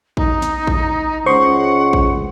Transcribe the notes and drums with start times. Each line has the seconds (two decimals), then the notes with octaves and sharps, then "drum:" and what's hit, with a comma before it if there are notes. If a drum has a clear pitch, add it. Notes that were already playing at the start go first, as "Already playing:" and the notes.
0.17 D#4, drum: kick A1
0.42 drum: snare
0.67 drum: kick A1
1.26 C#2 C5 F#5 C6 C#6
1.93 drum: kick A1